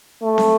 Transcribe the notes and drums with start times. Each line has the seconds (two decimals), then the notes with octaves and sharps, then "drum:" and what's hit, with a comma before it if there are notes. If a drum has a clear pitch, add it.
0.23 A3
0.38 drum: snare